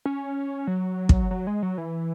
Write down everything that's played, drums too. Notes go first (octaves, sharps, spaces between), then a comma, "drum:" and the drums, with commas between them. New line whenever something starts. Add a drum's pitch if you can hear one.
C#4
F#3
drum: kick
F#3
G#3
F#3
E3